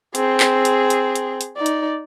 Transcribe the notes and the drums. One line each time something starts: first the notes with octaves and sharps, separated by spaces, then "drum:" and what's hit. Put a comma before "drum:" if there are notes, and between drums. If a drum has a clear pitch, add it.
C4 G#4, drum: hi-hat
drum: clap
drum: hi-hat
drum: hi-hat
drum: hi-hat
drum: hi-hat
D#4 D5
drum: hi-hat